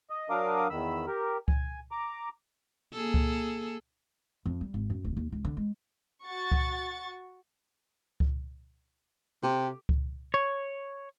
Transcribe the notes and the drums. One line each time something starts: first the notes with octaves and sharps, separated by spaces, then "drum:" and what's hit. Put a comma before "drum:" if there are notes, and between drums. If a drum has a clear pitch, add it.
D#5
F#3 D4 A#4 F5 D6 D#6
E2 D#3 B5 E6
G4 A#4
G#5, drum: kick C#2
A#5 D6
A#3 G#4 A4
drum: kick C#2
F2
G3
G#1
F#2
D1
D#2
C#2
D3
G#3
F#4 C#6 A6
drum: kick C#2
drum: kick C#2
C3 G4
drum: kick C#2
C#5